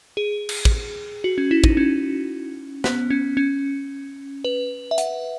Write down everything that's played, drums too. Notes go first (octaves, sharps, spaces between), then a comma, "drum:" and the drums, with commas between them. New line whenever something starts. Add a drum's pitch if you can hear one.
G#4
drum: cymbal
drum: kick
F#4
C#4
E4
D#4, drum: kick
C#4
B3, drum: snare
C#4
C#4
B4
E5
F#5, drum: hi-hat